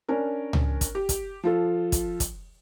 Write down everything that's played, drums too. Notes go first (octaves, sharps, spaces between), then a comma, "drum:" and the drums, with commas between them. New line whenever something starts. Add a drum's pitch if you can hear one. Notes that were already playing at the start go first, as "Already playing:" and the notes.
C#4 D4 A#4
drum: tom C#2
drum: kick, hi-hat
G4
drum: kick, hi-hat
F3 F4 A4
drum: kick, hi-hat
drum: kick, hi-hat